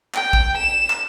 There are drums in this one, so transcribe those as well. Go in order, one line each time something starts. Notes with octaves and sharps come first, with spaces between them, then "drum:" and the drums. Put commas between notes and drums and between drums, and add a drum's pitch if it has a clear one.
G5, drum: clap
drum: kick
E7
drum: clap